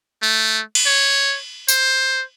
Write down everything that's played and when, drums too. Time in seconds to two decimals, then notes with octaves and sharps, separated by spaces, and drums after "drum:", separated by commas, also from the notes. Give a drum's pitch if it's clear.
0.22 A3
0.75 drum: cymbal
0.86 C#5
1.68 C5, drum: tambourine